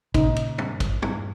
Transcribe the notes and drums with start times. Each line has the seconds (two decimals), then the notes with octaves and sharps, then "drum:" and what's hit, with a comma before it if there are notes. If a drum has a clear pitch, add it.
0.14 A#2 C#3 D#4, drum: kick, cymbal
0.36 drum: cymbal
0.58 drum: tom
0.80 drum: kick, cymbal
1.02 drum: tom